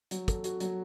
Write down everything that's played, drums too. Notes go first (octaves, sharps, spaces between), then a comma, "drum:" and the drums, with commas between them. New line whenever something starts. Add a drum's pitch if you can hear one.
F#3, drum: hi-hat
A4, drum: kick, hi-hat
F#4, drum: hi-hat
F#3, drum: hi-hat